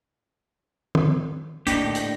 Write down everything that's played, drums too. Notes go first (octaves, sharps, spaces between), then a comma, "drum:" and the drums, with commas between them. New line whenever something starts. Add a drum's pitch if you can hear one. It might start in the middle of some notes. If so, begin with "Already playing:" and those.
drum: tom
A2 A#3 D4 D#4 G4, drum: hi-hat
drum: hi-hat